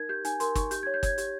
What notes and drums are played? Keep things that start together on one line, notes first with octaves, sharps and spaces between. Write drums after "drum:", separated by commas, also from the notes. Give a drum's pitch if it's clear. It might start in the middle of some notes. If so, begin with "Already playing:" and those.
Already playing: D#4 A#4 G#6
G4 G6
D#4 G#5, drum: hi-hat
A#4 C6, drum: hi-hat
D#4 C#6, drum: kick, hi-hat
G4 G6, drum: hi-hat
G#6
C#5
G6
C#5 G#6, drum: kick, hi-hat
G4, drum: hi-hat